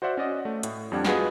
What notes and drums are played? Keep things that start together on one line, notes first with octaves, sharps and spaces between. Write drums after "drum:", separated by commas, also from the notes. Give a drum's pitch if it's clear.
F#4 C5 D5 E5 F#5
C#4 F#4 D5 D#5
A3
A2, drum: hi-hat
F2 G3 D4 F#5 G#6
F4 F#4 G#4 B4 D#5, drum: snare